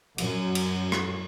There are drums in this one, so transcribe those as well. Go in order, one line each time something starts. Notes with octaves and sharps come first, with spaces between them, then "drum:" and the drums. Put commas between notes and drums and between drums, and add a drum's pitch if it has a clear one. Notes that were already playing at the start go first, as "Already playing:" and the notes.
F#2, drum: cymbal
drum: cymbal
drum: rim click